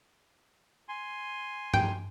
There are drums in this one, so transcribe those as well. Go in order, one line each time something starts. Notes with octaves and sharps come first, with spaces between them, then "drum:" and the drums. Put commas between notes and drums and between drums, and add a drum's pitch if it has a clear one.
G#5 C6
G5, drum: tom G2